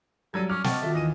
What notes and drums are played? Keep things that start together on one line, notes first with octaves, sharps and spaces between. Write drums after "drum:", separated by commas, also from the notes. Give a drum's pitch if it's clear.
F#3 G3 A4 G#6 D#7
C#4 D6 F6
D#5 F#5 G5 A5 C#6, drum: snare
D#3 F4 F#4 A4 E5
D#2 E3 D#5 D#7